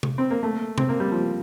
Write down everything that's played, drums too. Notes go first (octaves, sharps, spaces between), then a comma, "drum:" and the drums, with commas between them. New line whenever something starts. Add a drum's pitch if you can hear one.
drum: tom C3
C4
A#3
A3
C4, drum: tom C3
A#3
G3
F3